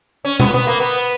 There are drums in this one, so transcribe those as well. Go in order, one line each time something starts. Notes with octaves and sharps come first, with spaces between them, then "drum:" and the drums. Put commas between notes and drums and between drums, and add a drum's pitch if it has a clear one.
C#4
B3, drum: tom B2
B3
A#3
B3